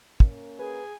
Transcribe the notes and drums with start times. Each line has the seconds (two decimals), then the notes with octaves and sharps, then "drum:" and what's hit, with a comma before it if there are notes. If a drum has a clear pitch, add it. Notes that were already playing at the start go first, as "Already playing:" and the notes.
0.20 A#3 C#4 A#4, drum: kick
0.59 G#4 B4 G#5